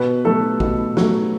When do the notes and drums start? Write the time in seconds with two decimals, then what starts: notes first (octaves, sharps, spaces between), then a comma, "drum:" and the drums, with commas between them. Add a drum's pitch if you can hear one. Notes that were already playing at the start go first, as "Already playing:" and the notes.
Already playing: B2 B4
0.25 F#3 A3 A4
0.60 B2, drum: kick A1
0.97 F#3 A3, drum: snare